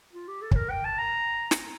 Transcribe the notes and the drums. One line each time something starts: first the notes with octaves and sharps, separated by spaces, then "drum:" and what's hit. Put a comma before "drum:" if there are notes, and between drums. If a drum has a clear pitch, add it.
F4
G4
A4
C#5, drum: kick
A#4
G5
A5
A#5
drum: snare